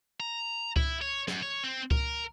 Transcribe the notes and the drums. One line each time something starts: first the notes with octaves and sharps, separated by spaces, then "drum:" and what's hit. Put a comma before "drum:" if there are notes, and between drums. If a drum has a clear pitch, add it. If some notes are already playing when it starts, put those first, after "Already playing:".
A#5
E4, drum: kick C#2
C#5
F#2, drum: snare
C#5
C4
A#4, drum: kick C#2